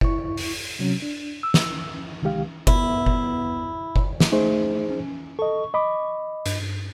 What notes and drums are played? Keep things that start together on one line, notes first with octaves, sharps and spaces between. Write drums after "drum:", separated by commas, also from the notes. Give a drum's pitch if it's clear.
E4 C#6, drum: kick F#1
drum: open hi-hat
C3 F#3 C#4
D4
E6
drum: snare
C2 D#3 G#3 G4 F5
B3 E4, drum: kick F#1
drum: kick F#1
drum: kick F#1
drum: snare
A3 D#4 G#4 C5
C#4
A4 D#5 C#6
D#5 B5 D6
G2, drum: hi-hat